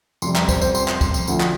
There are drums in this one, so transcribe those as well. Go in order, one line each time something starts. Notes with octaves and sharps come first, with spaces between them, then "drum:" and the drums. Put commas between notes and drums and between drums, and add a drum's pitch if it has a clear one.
F2 C3 G3 C6, drum: tambourine
A#5, drum: clap
C5, drum: kick, tambourine
C5, drum: tambourine
C6, drum: tambourine
drum: clap
drum: kick, tambourine
drum: tambourine
D2 D3 F3, drum: tambourine
drum: clap